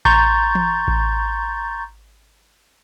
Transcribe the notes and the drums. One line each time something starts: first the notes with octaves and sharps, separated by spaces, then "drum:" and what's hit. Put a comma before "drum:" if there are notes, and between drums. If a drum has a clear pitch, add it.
A#5 C6 C#6 G6 A6, drum: kick A1
drum: tom E3
drum: kick A1